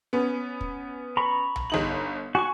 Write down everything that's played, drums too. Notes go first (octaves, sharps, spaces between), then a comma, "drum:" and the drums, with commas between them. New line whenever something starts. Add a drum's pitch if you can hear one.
B3 C#4
drum: kick
A#5 B5 C#6
drum: tom B1
G1 D#4 F#7
F#4 G#5 C#6